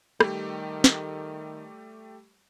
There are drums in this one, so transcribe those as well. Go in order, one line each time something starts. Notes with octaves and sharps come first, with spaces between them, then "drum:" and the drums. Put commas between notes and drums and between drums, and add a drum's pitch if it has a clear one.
D#3 G3 A3 G4, drum: rim click
drum: snare